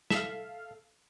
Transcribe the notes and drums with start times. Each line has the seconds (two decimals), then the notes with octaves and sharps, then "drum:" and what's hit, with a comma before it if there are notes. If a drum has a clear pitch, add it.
0.10 A4 E5 F5, drum: snare